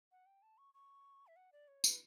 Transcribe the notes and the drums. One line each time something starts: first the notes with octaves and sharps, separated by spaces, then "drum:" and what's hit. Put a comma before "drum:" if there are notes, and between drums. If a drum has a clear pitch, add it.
F#5
G5
A5
C#6
C#6
E5
F#5
D5
C#5
B4, drum: tambourine